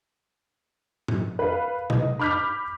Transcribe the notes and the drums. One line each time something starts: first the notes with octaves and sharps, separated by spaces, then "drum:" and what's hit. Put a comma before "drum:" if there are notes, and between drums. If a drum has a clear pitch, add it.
drum: tom G#2
B4 F5
D#5, drum: tom B2
B5 D6 F6 G6 B6